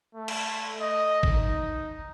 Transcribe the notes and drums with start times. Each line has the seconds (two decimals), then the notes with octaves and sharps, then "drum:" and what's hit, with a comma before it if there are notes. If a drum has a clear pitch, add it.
0.15 A3
0.28 drum: cymbal
0.80 D#5
1.23 drum: kick
1.32 D#4